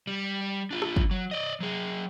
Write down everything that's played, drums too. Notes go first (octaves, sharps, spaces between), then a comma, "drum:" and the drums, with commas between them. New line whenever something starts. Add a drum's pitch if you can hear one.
G3
D4 F4
drum: rim click
drum: kick
F#3
D5 D#5
F#3 G#4